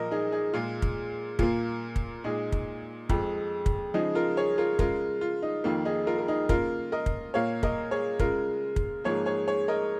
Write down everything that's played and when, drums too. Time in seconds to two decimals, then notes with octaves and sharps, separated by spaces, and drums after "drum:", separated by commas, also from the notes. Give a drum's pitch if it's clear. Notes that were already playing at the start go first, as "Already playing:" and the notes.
Already playing: A#2 F3 A#3 A#4 D#5
0.11 D#4 G#4
0.32 D#4 G#4
0.53 A#2 G#3 F4
0.82 drum: kick
1.39 A#2 A#3 F4, drum: kick
1.96 drum: kick
2.24 A#2 G#3 D#4 G#4
2.52 drum: kick
3.09 F2 F3 G#3, drum: kick
3.66 drum: kick
3.94 C#3 F3 G#3 D#4 G#4
4.15 F4 A#4
4.37 G#4 C#5
4.58 F4 A#4
4.79 C#3 G#3 F4 A#4, drum: kick
5.21 F4
5.42 D#4
5.64 F2 D#3 A#3 F4
5.85 D#4 G#4
6.07 F4 A#4
6.18 A#4
6.28 D#4 G#4
6.49 C#3 A#3 F4 A#4, drum: kick
6.92 A#4 D#5
7.06 drum: kick
7.34 A#2 A#3 C#5 F5
7.63 A#4 D#5, drum: kick
7.91 G#4 C#5
8.19 C#3 G#3 F4 A#4, drum: kick
8.76 drum: kick
9.04 G#2 F3 A#3 G#4 C#5
9.26 G#4 C#5
9.47 G#4 C#5
9.68 A#4 D#5